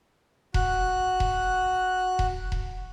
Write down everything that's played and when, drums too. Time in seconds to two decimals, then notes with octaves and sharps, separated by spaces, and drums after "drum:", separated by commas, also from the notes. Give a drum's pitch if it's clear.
0.54 F#4 F#6, drum: kick E1
1.20 drum: kick E1
2.19 drum: kick E1
2.52 drum: kick E1